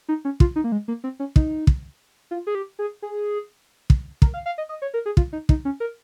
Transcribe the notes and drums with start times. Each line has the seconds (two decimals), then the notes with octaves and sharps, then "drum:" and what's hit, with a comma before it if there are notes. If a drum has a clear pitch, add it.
0.09 D#4
0.25 C#4
0.40 F4, drum: kick
0.56 D#4
0.64 A#3
0.72 G#3
0.88 A#3
1.04 C4
1.20 C#4
1.36 D#4, drum: kick
1.67 drum: kick
2.31 F4
2.47 G#4
2.55 G4
2.79 G#4
3.02 G#4
3.90 drum: kick
4.22 A#4, drum: kick
4.34 F5
4.46 F5
4.58 D#5
4.69 D#5
4.82 C#5
4.94 A#4
5.06 G#4
5.17 F4, drum: kick
5.33 D#4
5.49 D#4, drum: kick
5.65 C#4
5.80 A#4